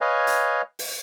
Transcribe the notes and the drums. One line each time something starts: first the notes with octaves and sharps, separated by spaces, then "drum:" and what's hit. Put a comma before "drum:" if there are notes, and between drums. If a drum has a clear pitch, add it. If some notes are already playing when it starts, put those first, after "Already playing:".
B4 C#5 D#5 F5 G#5
drum: hi-hat
drum: open hi-hat